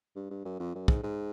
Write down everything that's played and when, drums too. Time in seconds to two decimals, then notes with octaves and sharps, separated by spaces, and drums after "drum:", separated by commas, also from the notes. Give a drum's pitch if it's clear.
0.16 G2
0.31 G2
0.45 F#2
0.60 F2
0.75 F#2
0.88 G#2, drum: kick
1.03 G#2